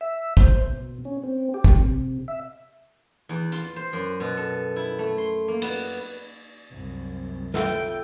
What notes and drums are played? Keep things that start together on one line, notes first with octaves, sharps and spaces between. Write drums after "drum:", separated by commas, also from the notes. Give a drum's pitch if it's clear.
E5
C5, drum: kick
B2
C#4
C4
G4
drum: kick
C3
E5
E2
F4, drum: hi-hat
C5
F#2
B2
A4
E4
A3
C6
A#3
B3, drum: cymbal
C2 F#2
F4 A4 E5 G5, drum: snare